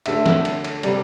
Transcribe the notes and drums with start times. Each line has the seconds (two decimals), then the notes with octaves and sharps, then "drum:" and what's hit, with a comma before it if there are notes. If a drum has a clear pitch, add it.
0.06 D2 D3 A3 E5, drum: cymbal
0.26 drum: snare
0.45 drum: cymbal
0.65 drum: cymbal
0.83 C3 G3 D5, drum: cymbal